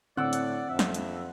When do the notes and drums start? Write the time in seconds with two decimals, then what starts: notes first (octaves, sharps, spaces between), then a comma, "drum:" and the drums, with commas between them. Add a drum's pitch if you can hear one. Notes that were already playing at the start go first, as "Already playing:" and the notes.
0.17 A2 D3 C4 D5 F#5 E6
0.33 drum: hi-hat
0.69 F2 E5
0.79 drum: snare
0.94 drum: hi-hat